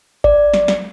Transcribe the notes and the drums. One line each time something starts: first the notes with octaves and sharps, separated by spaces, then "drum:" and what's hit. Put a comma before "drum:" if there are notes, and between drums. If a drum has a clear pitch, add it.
D5, drum: kick G#1
drum: snare
drum: snare